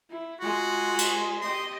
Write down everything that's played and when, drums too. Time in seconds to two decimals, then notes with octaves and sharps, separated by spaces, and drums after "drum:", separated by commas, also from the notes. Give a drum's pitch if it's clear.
0.10 E4
0.40 G#3 F4 F#4
0.99 drum: cymbal
1.42 G4 D#5 C6